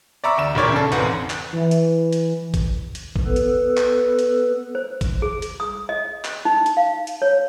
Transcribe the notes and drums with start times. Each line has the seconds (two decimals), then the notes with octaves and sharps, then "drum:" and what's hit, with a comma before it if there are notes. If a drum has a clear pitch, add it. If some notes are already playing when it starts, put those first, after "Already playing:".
0.24 D5 E5 A#5 B5 C#6 E6
0.38 D2 E7
0.55 E1 A#2 D#3 C#5 D5
0.72 C#3 A4
0.92 G#1 E2 G#2 B2 C4 F#5, drum: hi-hat
1.30 drum: clap
1.52 E3
1.71 drum: hi-hat
2.13 drum: hi-hat
2.54 drum: kick, hi-hat
2.95 drum: hi-hat
3.16 drum: kick
3.26 B3 A4 B4
3.36 drum: hi-hat
3.77 drum: clap
4.19 drum: hi-hat
4.75 C5
5.01 drum: kick, hi-hat
5.22 G#4
5.42 drum: hi-hat
5.60 D#6
5.89 D#5
6.25 drum: clap
6.45 D#4
6.66 drum: hi-hat
6.77 F5
7.07 drum: hi-hat
7.22 C#5